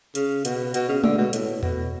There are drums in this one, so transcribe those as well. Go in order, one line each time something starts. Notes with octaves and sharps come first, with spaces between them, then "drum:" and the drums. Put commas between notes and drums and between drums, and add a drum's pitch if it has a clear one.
C#3, drum: hi-hat
B2, drum: hi-hat
B2, drum: hi-hat
C#3
D3, drum: tom G#3
B2
A2, drum: hi-hat
B2, drum: tom E2